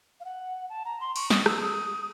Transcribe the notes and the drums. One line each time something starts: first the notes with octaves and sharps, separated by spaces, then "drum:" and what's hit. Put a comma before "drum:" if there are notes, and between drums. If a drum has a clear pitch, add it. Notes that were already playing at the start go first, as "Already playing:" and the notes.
F5
F#5
A5
A#5
C6
C#6, drum: cymbal
D#6, drum: snare
E6, drum: rim click
D#6